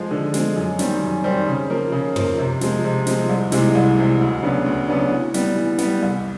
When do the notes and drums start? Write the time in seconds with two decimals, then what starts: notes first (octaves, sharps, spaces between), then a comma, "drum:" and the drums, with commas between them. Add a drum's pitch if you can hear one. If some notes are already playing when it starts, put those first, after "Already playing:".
Already playing: F3 G#3
0.11 D3
0.34 F3 G#3, drum: snare
0.56 F#2
0.79 D#3 G3 C4, drum: snare
1.02 F#2
1.24 D#3 G3 C4
1.48 C#3
1.70 F3 A#3
1.92 C#3
2.16 F3 A#3, drum: tom
2.38 C3
2.61 F3 G#3, drum: snare
2.84 C3
3.07 F3 G#3, drum: snare
3.29 C2
3.52 C3 E3 G#3, drum: snare
3.75 C2
3.97 C3 E3 G#3
4.20 D2
4.42 C#3 F#3 B3 D4
4.66 D2
4.88 C#3 F#3 B3 D4
5.11 E3
5.34 G3 B3, drum: snare
5.56 E3
5.78 G3 B3, drum: snare
6.02 C2